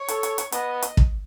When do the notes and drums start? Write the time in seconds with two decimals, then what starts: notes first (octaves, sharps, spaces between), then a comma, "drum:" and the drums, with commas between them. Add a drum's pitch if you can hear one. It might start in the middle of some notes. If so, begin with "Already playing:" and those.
Already playing: C#5
0.08 A4, drum: hi-hat
0.23 drum: hi-hat
0.38 drum: hi-hat
0.52 B3 D#5, drum: hi-hat
0.82 drum: hi-hat
0.97 drum: kick